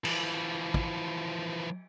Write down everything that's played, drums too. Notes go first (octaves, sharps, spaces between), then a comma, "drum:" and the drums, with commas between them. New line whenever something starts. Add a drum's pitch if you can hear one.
E3 F3, drum: cymbal
drum: kick